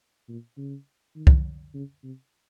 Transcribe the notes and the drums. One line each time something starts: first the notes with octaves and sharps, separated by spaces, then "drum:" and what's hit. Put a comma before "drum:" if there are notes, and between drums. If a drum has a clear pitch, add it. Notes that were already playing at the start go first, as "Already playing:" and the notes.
A#2
C#3
D#3
drum: kick
C#3
C3